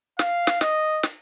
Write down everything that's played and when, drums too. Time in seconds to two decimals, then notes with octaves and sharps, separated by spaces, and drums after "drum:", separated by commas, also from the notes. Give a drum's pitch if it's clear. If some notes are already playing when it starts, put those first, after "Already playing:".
0.19 F5, drum: snare
0.47 drum: snare
0.61 D#5, drum: snare
1.03 drum: snare